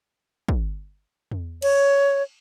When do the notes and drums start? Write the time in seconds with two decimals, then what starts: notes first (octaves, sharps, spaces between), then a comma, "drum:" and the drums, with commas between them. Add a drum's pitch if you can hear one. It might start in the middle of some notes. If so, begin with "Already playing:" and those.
0.49 drum: kick
1.32 drum: tom E2
1.62 C#5, drum: cymbal